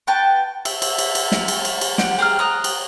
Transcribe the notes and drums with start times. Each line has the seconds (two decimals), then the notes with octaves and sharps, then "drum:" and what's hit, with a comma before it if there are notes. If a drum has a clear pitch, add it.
0.07 F#4 B4 G5 A5
0.65 E5, drum: cymbal
0.82 drum: cymbal
0.98 drum: cymbal
1.15 drum: cymbal
1.32 drum: snare
1.48 drum: cymbal
1.65 drum: cymbal
1.81 drum: cymbal
1.98 G4 F#5, drum: snare
2.19 G4 G#4 A#5 F6
2.39 A#5 D#6 F#6
2.64 drum: cymbal